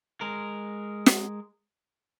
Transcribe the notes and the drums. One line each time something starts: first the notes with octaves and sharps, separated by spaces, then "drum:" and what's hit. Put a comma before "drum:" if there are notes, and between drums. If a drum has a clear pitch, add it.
G#3 A#4
drum: snare